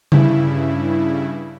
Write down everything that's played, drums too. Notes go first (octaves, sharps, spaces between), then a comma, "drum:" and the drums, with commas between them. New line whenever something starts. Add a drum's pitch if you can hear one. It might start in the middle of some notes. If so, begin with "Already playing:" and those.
G2 C#3 E4, drum: tom C#3